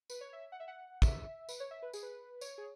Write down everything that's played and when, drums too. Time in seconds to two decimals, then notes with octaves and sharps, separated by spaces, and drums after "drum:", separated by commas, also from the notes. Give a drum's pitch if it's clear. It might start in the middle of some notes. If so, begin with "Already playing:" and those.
0.10 B4, drum: tambourine
0.21 C#5
0.33 E5
0.52 F#5
0.60 E5
0.68 F#5
1.02 E5, drum: kick, tambourine
1.49 B4, drum: tambourine
1.60 C#5
1.71 E5
1.82 B4
1.93 G#4, drum: tambourine
2.03 B4
2.41 C#5, drum: tambourine
2.58 G#4